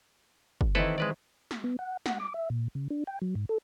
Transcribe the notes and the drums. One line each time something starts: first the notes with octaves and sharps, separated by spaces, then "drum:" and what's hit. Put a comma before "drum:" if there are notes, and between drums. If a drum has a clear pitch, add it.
drum: kick
D#3 E3 C4 E4 A4 B4
G#3 B4 D5
drum: snare
B3
F#5
F#5, drum: snare
D6
E5
A#2
C#3
D4
G5
F#3
G#2
A4